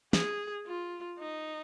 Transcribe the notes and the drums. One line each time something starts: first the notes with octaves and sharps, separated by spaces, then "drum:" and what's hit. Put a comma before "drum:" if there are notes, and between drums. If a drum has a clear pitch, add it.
G#4, drum: snare
F4
D#4